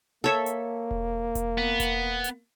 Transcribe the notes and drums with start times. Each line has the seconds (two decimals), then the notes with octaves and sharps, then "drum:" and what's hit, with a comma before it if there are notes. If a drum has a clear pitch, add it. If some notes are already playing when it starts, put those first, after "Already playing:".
0.24 A#3 A4 C#5 E5
0.46 drum: hi-hat
0.91 drum: kick E1
1.35 drum: kick E1, hi-hat
1.58 B3
1.80 drum: kick E1, hi-hat
2.24 drum: hi-hat